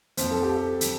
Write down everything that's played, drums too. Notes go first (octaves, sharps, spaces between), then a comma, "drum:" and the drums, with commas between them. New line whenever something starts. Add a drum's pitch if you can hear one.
F2 F3 C4 C5, drum: hi-hat
A4
G4
A4
drum: hi-hat